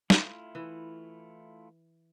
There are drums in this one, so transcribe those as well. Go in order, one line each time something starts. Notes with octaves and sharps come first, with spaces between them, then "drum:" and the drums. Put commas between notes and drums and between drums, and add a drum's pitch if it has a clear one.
A3 E4 F4, drum: snare
E3